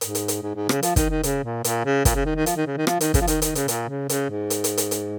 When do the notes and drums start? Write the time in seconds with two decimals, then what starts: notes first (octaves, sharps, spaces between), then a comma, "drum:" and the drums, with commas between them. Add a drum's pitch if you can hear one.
0.01 G#2, drum: hi-hat
0.15 drum: hi-hat
0.28 drum: hi-hat
0.42 G#2
0.56 G#2
0.69 C#3, drum: rim click
0.83 F3, drum: hi-hat
0.96 D#3, drum: kick, hi-hat
1.10 D#3
1.23 C#3, drum: hi-hat
1.44 A#2
1.64 A#2, drum: hi-hat
1.85 C#3
2.05 A#2, drum: kick, hi-hat
2.15 C#3
2.26 D#3
2.36 D#3
2.46 F3, drum: hi-hat
2.57 D#3
2.67 C#3
2.77 D#3
2.87 F3, drum: rim click
3.01 D#3, drum: hi-hat
3.14 C#3, drum: kick, hi-hat
3.21 F3
3.27 D#3, drum: hi-hat
3.42 D#3, drum: hi-hat
3.55 C#3, drum: hi-hat
3.68 A#2, drum: hi-hat
3.89 C#3
4.09 C#3, drum: hi-hat
4.30 G#2
4.50 drum: hi-hat
4.64 drum: hi-hat
4.77 drum: hi-hat
4.91 drum: hi-hat